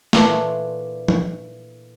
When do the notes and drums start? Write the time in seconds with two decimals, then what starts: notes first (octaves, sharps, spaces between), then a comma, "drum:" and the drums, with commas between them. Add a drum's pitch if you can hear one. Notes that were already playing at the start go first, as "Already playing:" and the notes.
0.13 A#2 E3 A3 D4 C6, drum: snare
1.08 drum: tom